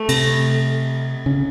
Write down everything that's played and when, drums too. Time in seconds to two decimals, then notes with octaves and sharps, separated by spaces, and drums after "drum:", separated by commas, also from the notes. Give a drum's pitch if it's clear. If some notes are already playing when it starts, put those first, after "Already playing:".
Already playing: A3
0.09 C3, drum: cymbal
1.26 C#3